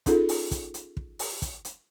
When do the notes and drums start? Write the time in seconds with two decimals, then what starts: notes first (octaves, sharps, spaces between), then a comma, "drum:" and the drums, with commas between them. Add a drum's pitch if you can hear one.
0.06 C#4 D#4 F4 G#4 A4, drum: kick, hi-hat
0.29 drum: open hi-hat
0.51 drum: kick, hi-hat
0.74 drum: hi-hat
0.97 drum: kick
1.19 drum: open hi-hat
1.42 drum: kick, hi-hat
1.65 drum: hi-hat